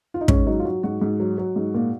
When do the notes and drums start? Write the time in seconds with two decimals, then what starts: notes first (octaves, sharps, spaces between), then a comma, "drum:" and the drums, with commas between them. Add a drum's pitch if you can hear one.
0.14 F4
0.21 D#4
0.28 G#2 C#4, drum: kick
0.46 F#3 D#4
0.59 F4
0.65 F#3 F#4
0.83 G#2 F#4
1.01 G#2
1.20 F#3
1.38 F#3
1.56 G#2
1.74 A#2